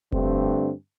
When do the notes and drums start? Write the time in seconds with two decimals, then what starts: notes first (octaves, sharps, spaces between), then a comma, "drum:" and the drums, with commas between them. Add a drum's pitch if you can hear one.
0.12 G2 D3 A3 C4, drum: kick F1